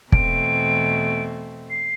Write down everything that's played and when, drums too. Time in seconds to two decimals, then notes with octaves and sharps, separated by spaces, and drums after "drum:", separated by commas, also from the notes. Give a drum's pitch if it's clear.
0.12 E2 B2 A3 C4 D7, drum: kick
1.70 C7